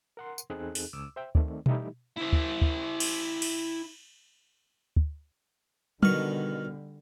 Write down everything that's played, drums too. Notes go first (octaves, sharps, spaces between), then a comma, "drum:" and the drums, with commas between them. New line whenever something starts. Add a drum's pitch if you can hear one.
A#4 F#5 C6
drum: tambourine
E2 C4 D#4 G#4 A4 F#6
drum: open hi-hat
C#2 D6 E6
C5 E5 G5
D#3 A3 C4 D5, drum: kick
E3 G3 A3 D#4 E4 G4, drum: tom B2
E4 C5
drum: kick
drum: kick
drum: cymbal
drum: cymbal
drum: kick
B2 D3 D#3 G3 C#6 F6, drum: tom